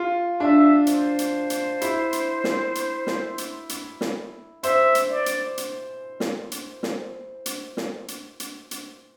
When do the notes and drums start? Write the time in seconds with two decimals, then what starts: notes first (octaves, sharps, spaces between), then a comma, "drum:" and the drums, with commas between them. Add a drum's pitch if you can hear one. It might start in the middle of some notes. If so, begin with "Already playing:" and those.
Already playing: F4
0.40 D4 E5
0.87 C5, drum: hi-hat
1.19 drum: hi-hat
1.50 drum: hi-hat
1.81 E4, drum: hi-hat
2.13 drum: hi-hat
2.44 drum: snare
2.75 drum: hi-hat
3.07 drum: snare
3.38 drum: hi-hat
3.69 drum: hi-hat
4.01 drum: snare
4.63 C5 E5, drum: hi-hat
4.95 drum: hi-hat
5.10 D5
5.26 drum: hi-hat
5.58 drum: hi-hat
6.20 drum: snare
6.52 drum: hi-hat
6.83 drum: snare
7.46 drum: hi-hat
7.77 drum: snare
8.08 drum: hi-hat
8.40 drum: hi-hat
8.71 drum: hi-hat